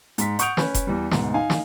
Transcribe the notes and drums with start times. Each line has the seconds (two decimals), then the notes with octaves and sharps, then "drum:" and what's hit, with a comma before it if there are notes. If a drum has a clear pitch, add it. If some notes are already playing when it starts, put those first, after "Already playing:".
0.18 G#2 B6, drum: hi-hat
0.39 F#5 C#6 D#6 G6 D7 F7, drum: hi-hat
0.57 C#4 B4, drum: snare
0.74 drum: kick F1, hi-hat
0.87 E2 G3
1.11 D2 G#2 B2, drum: snare
1.34 D#4 F5 G#5
1.50 drum: snare